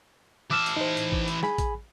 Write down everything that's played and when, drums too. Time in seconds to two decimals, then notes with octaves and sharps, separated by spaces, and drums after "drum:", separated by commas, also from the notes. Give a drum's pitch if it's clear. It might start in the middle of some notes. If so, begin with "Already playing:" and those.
0.51 E3 A5 D6 E6 F6
0.66 drum: hi-hat
0.77 D#4 C5
0.97 drum: hi-hat
1.12 drum: kick A1
1.28 drum: hi-hat
1.43 G#4 G#5 B5, drum: snare
1.58 drum: kick A1, hi-hat